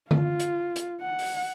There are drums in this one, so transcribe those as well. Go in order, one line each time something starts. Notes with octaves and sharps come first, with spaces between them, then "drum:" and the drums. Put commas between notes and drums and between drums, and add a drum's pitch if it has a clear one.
F4, drum: tom D3
drum: hi-hat
drum: hi-hat
F#5
drum: open hi-hat